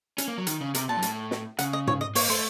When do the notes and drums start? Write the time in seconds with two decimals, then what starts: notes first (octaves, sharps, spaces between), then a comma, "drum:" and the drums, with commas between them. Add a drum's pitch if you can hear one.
0.18 C#4, drum: hi-hat
0.28 A#3
0.38 F#3
0.47 D#3, drum: hi-hat
0.61 C#3
0.74 C3 A#4, drum: hi-hat
0.89 A#2 A5
0.97 F#2
1.02 A2, drum: hi-hat
1.31 drum: snare
1.59 C#3 F#5, drum: hi-hat
1.73 D#5
1.87 C#5, drum: tom G#2
2.01 D#5
2.15 A#3 C#5, drum: open hi-hat
2.29 A3 C5